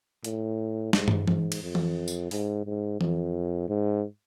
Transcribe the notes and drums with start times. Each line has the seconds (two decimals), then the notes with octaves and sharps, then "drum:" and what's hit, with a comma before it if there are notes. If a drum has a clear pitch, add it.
0.24 A2, drum: hi-hat
0.93 G#2, drum: snare
1.08 drum: tom
1.28 G#2, drum: tom E3
1.52 drum: cymbal
1.63 F2
1.75 drum: tom E3
2.08 drum: tambourine
2.31 G#2, drum: open hi-hat
2.65 G#2
3.01 F2, drum: tom E3
3.69 G#2